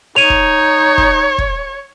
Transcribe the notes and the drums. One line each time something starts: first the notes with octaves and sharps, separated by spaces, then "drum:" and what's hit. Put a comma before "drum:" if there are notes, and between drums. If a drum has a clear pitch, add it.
D#4 C#5 D#7 F7
drum: kick
drum: kick
drum: kick